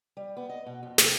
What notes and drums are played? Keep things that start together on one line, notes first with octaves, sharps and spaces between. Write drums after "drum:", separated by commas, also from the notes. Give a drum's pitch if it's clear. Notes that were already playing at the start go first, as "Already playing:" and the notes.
G3
B3
D#5
B2
F2
C3, drum: snare